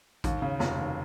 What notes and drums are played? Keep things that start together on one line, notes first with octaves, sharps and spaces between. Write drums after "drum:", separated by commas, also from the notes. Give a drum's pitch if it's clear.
D#2, drum: kick A1, hi-hat
C#3
F1, drum: snare
D#2